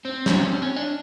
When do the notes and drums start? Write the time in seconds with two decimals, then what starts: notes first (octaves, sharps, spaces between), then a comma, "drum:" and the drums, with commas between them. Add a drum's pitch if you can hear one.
0.05 C4
0.26 C#4, drum: snare
0.47 C4
0.62 C#4
0.76 D4